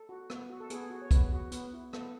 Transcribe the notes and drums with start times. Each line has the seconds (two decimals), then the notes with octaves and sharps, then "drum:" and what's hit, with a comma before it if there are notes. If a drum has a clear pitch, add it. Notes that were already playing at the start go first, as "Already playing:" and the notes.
Already playing: A4
0.09 F#4
0.30 B3, drum: rim click
0.50 F#4
0.60 A4
0.70 B3 G#4, drum: hi-hat
0.81 G#4
0.90 F#4
1.02 C#5
1.11 B3 B4, drum: kick, hi-hat
1.32 F#4
1.52 B3, drum: hi-hat
1.73 E4
1.93 B3 A4, drum: rim click